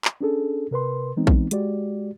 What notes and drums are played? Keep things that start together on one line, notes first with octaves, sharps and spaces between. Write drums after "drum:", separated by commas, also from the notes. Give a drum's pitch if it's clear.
drum: clap
C#4 D4 G#4 A4
C3 A#4 B4 C6
E3 G#3 B3 C4 D#4
drum: kick A#1
G#3 F#4 G4 D5, drum: hi-hat